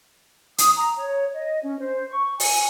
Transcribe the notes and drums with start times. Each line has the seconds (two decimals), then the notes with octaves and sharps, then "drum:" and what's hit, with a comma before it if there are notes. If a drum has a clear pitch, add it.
0.58 D#6, drum: hi-hat
0.77 A#5
0.97 C#5
1.33 D#5
1.63 C#4
1.79 C5
2.09 C#6
2.40 G#5, drum: open hi-hat